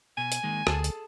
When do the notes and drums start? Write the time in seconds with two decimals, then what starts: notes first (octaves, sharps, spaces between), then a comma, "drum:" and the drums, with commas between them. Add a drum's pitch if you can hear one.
0.17 B2 G#5
0.32 drum: hi-hat
0.43 D#3 G#3 A#3
0.67 D2 G#4 A4 A5, drum: rim click
0.84 drum: hi-hat